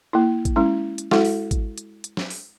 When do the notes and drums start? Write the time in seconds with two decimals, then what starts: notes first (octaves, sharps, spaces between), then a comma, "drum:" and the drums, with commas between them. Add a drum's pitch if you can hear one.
0.13 A#3 E4
0.45 drum: kick G#1, hi-hat
0.56 G#3 C#4 E4
0.98 drum: hi-hat
1.11 G#3 E4 F#4 A4 F#5, drum: snare
1.25 drum: open hi-hat
1.51 drum: kick G#1, hi-hat
1.78 drum: hi-hat
2.04 drum: hi-hat
2.17 drum: snare
2.30 drum: open hi-hat